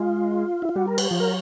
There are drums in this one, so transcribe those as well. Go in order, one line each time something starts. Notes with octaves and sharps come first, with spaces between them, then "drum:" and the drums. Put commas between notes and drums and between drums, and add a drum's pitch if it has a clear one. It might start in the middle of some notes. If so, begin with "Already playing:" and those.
Already playing: G#3 F4
E4
F4
G3 F#4
A#4
B4, drum: cymbal
F3
F#3 A#4